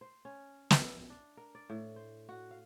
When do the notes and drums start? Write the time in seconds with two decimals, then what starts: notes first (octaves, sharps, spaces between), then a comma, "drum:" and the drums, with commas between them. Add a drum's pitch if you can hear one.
0.01 C5
0.25 C#4
0.71 E5, drum: snare
1.10 D4
1.37 A#4
1.55 D5
1.70 A2
1.96 C5
2.29 F#4
2.51 F5